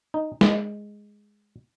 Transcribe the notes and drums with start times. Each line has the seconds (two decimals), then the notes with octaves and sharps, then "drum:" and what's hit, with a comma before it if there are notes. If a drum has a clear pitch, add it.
0.14 D#4
0.41 G#3, drum: snare